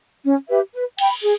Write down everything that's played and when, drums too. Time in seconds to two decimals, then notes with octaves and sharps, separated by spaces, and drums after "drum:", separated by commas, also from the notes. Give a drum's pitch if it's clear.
0.24 C#4
0.49 G4 B4 E5
0.73 B4
0.98 G5 B5, drum: cymbal
1.23 G#4